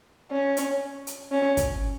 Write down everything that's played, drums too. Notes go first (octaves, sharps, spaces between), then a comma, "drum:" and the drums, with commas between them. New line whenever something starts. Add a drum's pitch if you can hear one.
C#4
drum: hi-hat
drum: hi-hat
C#4
drum: kick, hi-hat